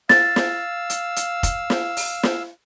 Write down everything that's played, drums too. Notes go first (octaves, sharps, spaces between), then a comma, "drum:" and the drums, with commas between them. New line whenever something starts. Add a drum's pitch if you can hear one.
F5 E6 A6, drum: snare
drum: snare
drum: hi-hat
drum: hi-hat
drum: kick, hi-hat
drum: snare
drum: open hi-hat
drum: snare